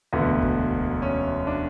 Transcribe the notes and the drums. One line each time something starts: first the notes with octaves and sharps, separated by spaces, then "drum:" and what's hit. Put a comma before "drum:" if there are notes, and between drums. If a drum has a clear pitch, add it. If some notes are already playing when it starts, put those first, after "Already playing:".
E1 D2 D3 B3
drum: kick F#1
C#4
D4